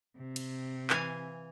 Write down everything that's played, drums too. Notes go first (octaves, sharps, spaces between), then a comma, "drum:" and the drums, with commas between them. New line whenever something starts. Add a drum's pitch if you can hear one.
C3
drum: cymbal
E3 F5 G#5, drum: clap